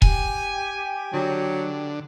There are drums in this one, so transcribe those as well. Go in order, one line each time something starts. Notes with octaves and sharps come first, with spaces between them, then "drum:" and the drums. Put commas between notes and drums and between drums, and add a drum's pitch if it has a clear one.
G4 G5 G#5, drum: kick E1
D3 F#3